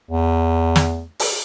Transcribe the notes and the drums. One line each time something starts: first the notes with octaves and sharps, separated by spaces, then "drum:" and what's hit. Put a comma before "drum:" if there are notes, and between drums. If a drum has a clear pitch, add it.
E2
drum: snare
drum: open hi-hat